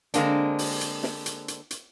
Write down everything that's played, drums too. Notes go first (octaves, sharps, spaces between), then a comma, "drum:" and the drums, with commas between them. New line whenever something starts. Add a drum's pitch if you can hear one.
D3 G#3 A#3 C4 D4, drum: hi-hat
drum: open hi-hat
drum: hi-hat
drum: snare
drum: hi-hat
drum: hi-hat
drum: hi-hat